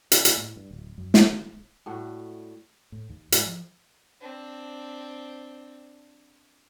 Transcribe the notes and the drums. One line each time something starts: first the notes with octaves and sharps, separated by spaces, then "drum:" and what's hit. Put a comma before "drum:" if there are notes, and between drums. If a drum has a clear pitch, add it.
C#4, drum: hi-hat
A#2, drum: hi-hat
A2
G2
D1
F#2
D#3, drum: snare
A2 G3 A3 F#4
A2
D#2
G#2, drum: hi-hat
F3
C4 D4